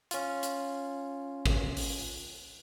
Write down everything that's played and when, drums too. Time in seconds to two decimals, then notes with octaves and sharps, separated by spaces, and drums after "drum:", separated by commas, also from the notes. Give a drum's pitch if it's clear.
0.11 C#4 F4, drum: hi-hat
0.43 drum: hi-hat
1.46 drum: kick
1.77 drum: open hi-hat